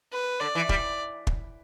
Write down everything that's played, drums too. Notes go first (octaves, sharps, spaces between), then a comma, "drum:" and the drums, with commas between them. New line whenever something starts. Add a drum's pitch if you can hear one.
B4
D3 D5
E3
G3, drum: kick
drum: kick